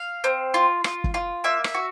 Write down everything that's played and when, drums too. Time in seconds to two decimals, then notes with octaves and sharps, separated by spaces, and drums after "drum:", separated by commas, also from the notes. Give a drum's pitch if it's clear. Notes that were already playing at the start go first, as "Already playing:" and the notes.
Already playing: F5
0.24 C4
0.54 F4
0.84 F4, drum: rim click
1.04 drum: kick
1.14 F4
1.44 A#3 E5
1.64 E5, drum: rim click
1.74 F#4